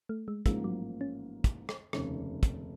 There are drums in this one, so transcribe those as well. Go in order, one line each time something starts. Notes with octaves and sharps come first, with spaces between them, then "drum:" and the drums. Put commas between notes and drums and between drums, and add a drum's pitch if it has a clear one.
A3
G#3
A1 G#2 F3 G#3 A#3, drum: kick, hi-hat
F#3
C#4
drum: kick, hi-hat
drum: rim click
F1 D#2 C#3, drum: rim click
drum: kick, hi-hat